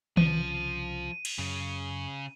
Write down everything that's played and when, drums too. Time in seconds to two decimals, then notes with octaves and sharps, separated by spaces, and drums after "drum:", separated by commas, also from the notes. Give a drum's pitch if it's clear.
0.17 C2 C#3 F3 D#7, drum: tom D#3
1.25 drum: cymbal
1.38 F#2 C#3